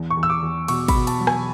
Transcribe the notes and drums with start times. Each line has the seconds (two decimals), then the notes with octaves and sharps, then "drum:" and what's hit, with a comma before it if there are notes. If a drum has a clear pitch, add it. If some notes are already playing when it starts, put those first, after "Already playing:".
Already playing: E2
0.10 C#6
0.17 E2
0.23 E6
0.30 D6
0.42 E2
0.68 B2 C#6, drum: cymbal
0.88 B5, drum: kick, cymbal
0.94 B2
1.07 A5, drum: cymbal
1.20 F#3
1.27 G#5, drum: rim click